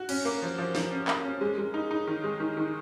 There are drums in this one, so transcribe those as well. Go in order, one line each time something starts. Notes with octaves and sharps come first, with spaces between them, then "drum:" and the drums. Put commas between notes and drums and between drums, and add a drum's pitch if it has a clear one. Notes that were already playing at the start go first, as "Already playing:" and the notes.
Already playing: F#4
C#4, drum: cymbal
A#3
F3
F3
F3, drum: snare
C#4
A#3, drum: clap
C#4
G#3
G#3
D#4
D#4
D#3
G#3
D#3
D#3